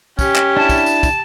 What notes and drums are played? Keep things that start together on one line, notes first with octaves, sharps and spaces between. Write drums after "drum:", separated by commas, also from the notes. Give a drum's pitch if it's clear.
C#4 G4, drum: kick, tambourine
drum: clap
D4 E4 A5
drum: kick, tambourine
drum: tambourine
drum: kick, tambourine